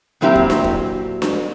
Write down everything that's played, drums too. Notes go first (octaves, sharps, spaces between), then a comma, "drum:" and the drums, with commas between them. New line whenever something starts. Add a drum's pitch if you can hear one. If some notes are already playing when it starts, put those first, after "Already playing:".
A#2 F#3 C4 E4 G4 A#5
drum: kick
drum: snare D4
drum: kick
drum: snare D4